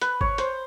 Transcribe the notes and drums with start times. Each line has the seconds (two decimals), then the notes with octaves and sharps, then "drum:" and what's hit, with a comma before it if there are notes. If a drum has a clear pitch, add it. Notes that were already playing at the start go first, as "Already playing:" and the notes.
0.01 B4, drum: hi-hat
0.21 C#5, drum: kick G#1
0.38 C5, drum: hi-hat